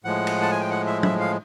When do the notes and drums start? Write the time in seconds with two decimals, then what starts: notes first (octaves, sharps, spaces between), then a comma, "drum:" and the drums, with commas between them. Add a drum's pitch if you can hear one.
0.04 A2 F3 G#3 F#5
0.27 drum: cymbal
0.42 A5
0.51 G#5
0.61 G5
0.70 F#5
0.87 E5
1.03 E5, drum: tom F#3
1.20 F5